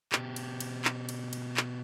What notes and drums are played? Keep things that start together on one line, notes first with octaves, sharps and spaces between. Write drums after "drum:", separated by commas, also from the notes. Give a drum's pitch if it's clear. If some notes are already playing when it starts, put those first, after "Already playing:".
B2 G4, drum: clap
drum: cymbal
drum: cymbal
drum: clap
drum: cymbal
drum: cymbal
drum: clap